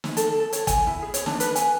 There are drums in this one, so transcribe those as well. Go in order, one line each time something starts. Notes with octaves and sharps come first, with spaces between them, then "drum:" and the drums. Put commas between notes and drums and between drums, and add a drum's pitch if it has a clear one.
drum: snare
A4, drum: hi-hat
A4
C#5, drum: hi-hat
G#5, drum: kick, hi-hat
E4
G#4
C#5, drum: hi-hat
D4, drum: snare
B4, drum: hi-hat
G#5, drum: hi-hat